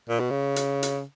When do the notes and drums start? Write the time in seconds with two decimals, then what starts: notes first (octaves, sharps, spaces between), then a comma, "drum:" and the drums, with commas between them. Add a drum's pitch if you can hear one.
0.09 A#2
0.20 B2
0.30 C#3
0.56 drum: hi-hat
0.83 drum: hi-hat